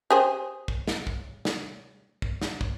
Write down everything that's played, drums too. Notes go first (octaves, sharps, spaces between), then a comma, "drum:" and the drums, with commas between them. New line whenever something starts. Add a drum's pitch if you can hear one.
G4 G#4 C5
drum: kick
drum: snare
drum: kick
drum: snare
drum: kick
drum: snare
drum: kick